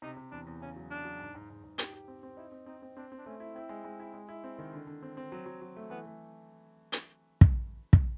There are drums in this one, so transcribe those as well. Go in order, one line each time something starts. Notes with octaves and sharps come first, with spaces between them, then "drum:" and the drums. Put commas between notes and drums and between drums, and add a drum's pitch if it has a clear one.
C3 D#4
C3
E2 D4
E2
C#3 C#4
F#3
C#3 D4
F#3
G#2
G#2
G#2
G#2
G4, drum: hi-hat
G4
C4
C4
D#4 E4
C4
C4 D#4
C4
C4 D4
C4
D4
A3 C#4
E4
C4 E4
G#3
G#3
E4
G#3
E4
C4
D#3
D3
D3
C4
C4
F#3
F#3
F#3
A3
E3 B3
A3
drum: hi-hat
drum: kick
drum: kick